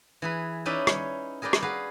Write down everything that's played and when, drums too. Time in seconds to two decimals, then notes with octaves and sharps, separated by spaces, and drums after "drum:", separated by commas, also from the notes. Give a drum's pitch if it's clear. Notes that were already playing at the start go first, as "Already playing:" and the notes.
0.22 E3 G#4 B4
0.65 C#4 D#4 E4 B4 D5 E5
0.87 C#5, drum: rim click
1.42 G#4 A#4 B4 D5 G5
1.53 drum: rim click
1.62 F#4 G#4 B4 F5